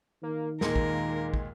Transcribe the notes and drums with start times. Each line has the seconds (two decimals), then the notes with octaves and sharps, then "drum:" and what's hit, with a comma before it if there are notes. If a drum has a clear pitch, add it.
0.23 D#3 A#3
0.61 D#2 A#2 G#3 A#3 A#4, drum: snare
0.76 drum: kick
1.34 drum: kick